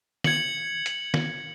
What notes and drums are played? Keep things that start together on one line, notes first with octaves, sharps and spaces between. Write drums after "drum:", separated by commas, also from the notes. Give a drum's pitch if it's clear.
G#6 C#7 F#7, drum: snare
drum: hi-hat
drum: snare